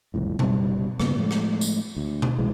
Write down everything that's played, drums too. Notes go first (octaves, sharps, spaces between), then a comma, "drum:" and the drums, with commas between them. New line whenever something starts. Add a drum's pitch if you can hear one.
F#1 C2 F2 A2
F#1 C3 G3, drum: tom B2
G2 C#3 A#3 B3, drum: rim click
A2 F3 G#3 A3
drum: rim click
drum: tambourine
D2
drum: tom B2
C2 E3 G#3